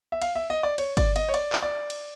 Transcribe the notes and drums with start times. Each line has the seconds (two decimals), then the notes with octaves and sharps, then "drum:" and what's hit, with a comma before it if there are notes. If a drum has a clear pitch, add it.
0.12 E5
0.22 F5, drum: cymbal
0.35 E5
0.50 D#5
0.63 D5
0.78 C#5, drum: cymbal
0.97 D5, drum: kick G1, cymbal
1.16 D#5, drum: cymbal
1.28 C#5
1.34 D5, drum: cymbal
1.53 drum: clap
1.63 D5
1.90 drum: cymbal